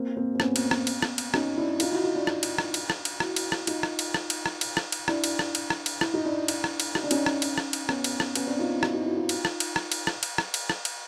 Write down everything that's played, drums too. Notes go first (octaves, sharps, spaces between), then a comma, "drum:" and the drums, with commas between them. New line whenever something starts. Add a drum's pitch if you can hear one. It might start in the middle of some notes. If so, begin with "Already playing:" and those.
Already playing: A#3 C4
A#3 C4
C4
B3 C#4, drum: rim click
drum: cymbal
drum: rim click
drum: cymbal
drum: rim click
drum: cymbal
C#4 D#4, drum: rim click
D4 E4
D#4 F4, drum: cymbal
E4 F#4
D#4 F4
D4 E4
drum: rim click
drum: cymbal
drum: rim click
drum: cymbal
drum: rim click
drum: cymbal
E4 F#4, drum: rim click
drum: cymbal
drum: rim click
D#4 F4, drum: cymbal
drum: rim click
drum: cymbal
drum: rim click
drum: cymbal
drum: rim click
drum: cymbal
drum: rim click
drum: cymbal
D4 E4, drum: rim click
drum: cymbal
drum: rim click
drum: cymbal
drum: rim click
drum: cymbal
E4, drum: rim click
D#4
D4 E4
drum: cymbal
drum: rim click
drum: cymbal
D#4, drum: rim click
D4
C#4 D#4, drum: cymbal
drum: rim click
drum: cymbal
drum: rim click
drum: cymbal
B3 C#4, drum: rim click
drum: cymbal
drum: rim click
B3 C#4, drum: cymbal
C4 D4
D#4 F4
E4
D#4 F4, drum: rim click
D#4 F4
E4 F#4
D#4 F4
drum: cymbal
drum: rim click
drum: cymbal
drum: rim click
drum: cymbal
drum: rim click
drum: cymbal
drum: rim click
drum: cymbal
drum: rim click
drum: cymbal